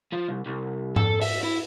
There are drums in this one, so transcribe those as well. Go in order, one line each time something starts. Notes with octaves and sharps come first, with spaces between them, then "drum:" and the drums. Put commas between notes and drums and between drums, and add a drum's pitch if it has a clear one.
F3
C2
C2
A4, drum: tom G#2
E5, drum: open hi-hat
E4